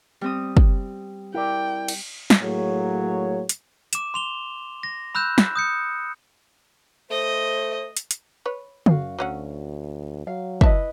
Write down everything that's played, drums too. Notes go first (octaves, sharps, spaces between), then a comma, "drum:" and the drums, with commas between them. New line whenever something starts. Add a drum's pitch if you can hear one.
G3 C4 D#6
drum: kick
E4 A#4 D5 G5
drum: cymbal
drum: snare
A2 F#3 A#3 G#4 C#5
drum: hi-hat
D6 E7, drum: hi-hat
C6 F7 G7
A#6
B5 E6 F#6 G6 E7
drum: snare
D#6 G6 C#7
A3 C5 D#5
drum: hi-hat
drum: hi-hat
B4 C#5
F#2 F#4 F5, drum: tom
D2 F#3 C#4 F#5
F#3 F5
E4 B4 D#5 E5 A5, drum: kick